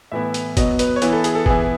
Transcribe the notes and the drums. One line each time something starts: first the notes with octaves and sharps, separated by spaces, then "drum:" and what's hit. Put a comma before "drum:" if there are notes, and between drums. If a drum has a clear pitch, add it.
A2 E3 B3 E4 E5
drum: hi-hat
B2 F#3 B3 D#5, drum: kick, hi-hat
B4, drum: hi-hat
C#5
E3 B3 E4 B4, drum: hi-hat
A4
G#4, drum: hi-hat
A4
E3 B3 E4 G#4, drum: kick